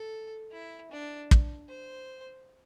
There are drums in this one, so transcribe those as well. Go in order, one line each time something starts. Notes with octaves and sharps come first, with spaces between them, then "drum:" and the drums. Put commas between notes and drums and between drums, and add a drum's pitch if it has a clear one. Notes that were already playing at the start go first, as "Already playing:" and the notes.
Already playing: A4
E4
D4
drum: kick
C5